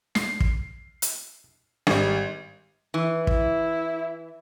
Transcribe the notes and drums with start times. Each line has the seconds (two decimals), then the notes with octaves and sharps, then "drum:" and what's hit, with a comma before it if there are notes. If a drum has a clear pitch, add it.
0.15 C7, drum: snare
0.40 drum: kick
1.02 drum: hi-hat
1.87 G#1 G3, drum: rim click
2.94 E3
3.27 E4, drum: kick